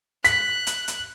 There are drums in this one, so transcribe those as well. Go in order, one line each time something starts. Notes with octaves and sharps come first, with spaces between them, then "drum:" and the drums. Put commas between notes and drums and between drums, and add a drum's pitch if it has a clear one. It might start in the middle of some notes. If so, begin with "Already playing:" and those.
F#6 B6, drum: hi-hat
drum: hi-hat
drum: hi-hat